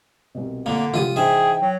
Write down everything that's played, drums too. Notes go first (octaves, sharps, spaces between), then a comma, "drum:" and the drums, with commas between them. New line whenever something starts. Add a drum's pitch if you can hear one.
C2 B2
A#2 D3 A#3
F3 F4 G4 D#6, drum: tom C3
E3 D#4 G#4 C5 E5 G5
F#3